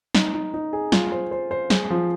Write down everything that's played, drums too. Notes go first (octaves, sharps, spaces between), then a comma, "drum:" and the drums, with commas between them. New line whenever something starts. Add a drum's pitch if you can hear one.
D#4, drum: snare
D#4
D#4
G#4
F4, drum: snare
C5
C5
C5
G#4, drum: snare
F3